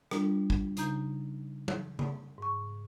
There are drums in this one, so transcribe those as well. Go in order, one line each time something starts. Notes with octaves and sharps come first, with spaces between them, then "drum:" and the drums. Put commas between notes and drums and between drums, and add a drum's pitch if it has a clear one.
G3 D4 F4, drum: rim click
drum: kick
C#3 D#4 A#5 G6, drum: hi-hat
drum: tom F#3
drum: tom C#3
G#2 C#6